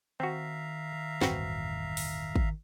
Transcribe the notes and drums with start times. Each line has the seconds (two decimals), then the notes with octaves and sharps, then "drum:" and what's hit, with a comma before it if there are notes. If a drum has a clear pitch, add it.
0.20 D#3 C4 F#4 E5 F5 A#5
1.21 E1 A1 G2 C4 F#4 B4, drum: snare
1.97 drum: open hi-hat
2.36 drum: kick